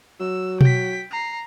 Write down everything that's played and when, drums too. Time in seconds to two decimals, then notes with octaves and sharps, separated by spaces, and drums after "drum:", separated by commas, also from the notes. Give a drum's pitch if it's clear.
0.20 F#3 E6
0.61 G5 B6, drum: tom B2
1.11 A#5 C7